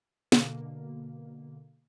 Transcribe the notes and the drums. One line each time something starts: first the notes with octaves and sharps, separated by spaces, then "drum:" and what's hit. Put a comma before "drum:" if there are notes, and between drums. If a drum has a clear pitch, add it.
B2 D3 A#3, drum: snare